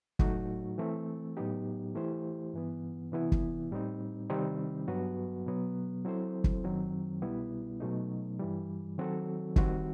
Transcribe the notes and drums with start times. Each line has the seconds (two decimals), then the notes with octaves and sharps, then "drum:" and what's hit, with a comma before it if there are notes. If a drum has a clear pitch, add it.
0.19 A2 F#3 A3 D#4 F#4, drum: kick
0.78 E3 A3 C4
1.37 A2 F#3 B3 D#4 G4
1.95 E3 A3 E4 G4 C5
2.54 G2 E3 B3
3.12 C3 E3 B3 E4
3.32 drum: kick
3.71 A2 G3 C4 D#4
4.30 C3 D#3 G3 C4 D#4
4.88 G2 F#3 B3 F#4 B4
5.46 B2 F#3 B3
6.05 F#3 C4 E4 A4 C5
6.44 drum: kick
6.64 F#2 D#3 F#3 C4
7.22 C2 B2 G3 B3 E4
7.80 B2 F#3 A3 D#4
8.39 G2 E3 G3
8.98 D#3 F#3 C4 F#4 A4
9.56 D#3 G3 C4 F#4, drum: kick